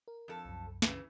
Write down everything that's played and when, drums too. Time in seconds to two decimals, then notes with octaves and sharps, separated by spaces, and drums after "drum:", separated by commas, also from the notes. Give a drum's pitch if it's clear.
0.08 A#4
0.28 F2 A4
0.45 C2 F#2
0.82 C#3 E3, drum: snare